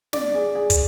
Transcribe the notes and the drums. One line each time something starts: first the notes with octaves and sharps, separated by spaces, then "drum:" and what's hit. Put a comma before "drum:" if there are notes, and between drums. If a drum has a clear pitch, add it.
D5, drum: snare
G#4
G#4
drum: kick, hi-hat